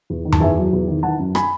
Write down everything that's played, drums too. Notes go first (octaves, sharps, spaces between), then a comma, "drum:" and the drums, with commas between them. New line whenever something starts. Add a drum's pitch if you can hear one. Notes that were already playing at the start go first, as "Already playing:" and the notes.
E2
D#3
A5, drum: tom F#2
E2 E5 G#5
F#3
E2
D#3
E3 F#5 A5
F#2
G#5 B5, drum: rim click